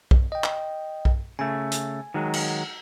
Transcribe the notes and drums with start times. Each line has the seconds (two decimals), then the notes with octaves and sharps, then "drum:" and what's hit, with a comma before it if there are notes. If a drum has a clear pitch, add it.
0.11 drum: kick B1
0.32 D#5 G5
0.44 drum: clap
1.05 drum: kick B1
1.39 C#3 A3 G#5
1.71 drum: hi-hat
2.14 D#3 F#3 G#3
2.34 drum: cymbal